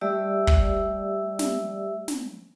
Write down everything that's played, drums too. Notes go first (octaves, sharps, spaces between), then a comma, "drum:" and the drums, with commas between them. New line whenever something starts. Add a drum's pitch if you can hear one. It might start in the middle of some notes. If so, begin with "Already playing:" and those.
G3 A3 G4 D5 E5 E6
drum: kick
drum: snare
drum: snare